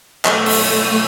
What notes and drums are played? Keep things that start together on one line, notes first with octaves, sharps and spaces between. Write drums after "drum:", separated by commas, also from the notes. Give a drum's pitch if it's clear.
B1 A3, drum: clap
drum: open hi-hat